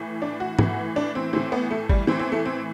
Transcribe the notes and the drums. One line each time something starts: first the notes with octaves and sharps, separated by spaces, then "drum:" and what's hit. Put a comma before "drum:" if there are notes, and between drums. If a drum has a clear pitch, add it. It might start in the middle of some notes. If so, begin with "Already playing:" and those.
Already playing: A2 E3
D4
F#4
A2 E3, drum: tom
D4
C4
A2 E3 C4
B3
A3
G3, drum: kick G#1
A2 E3 C4
C4
A3
C4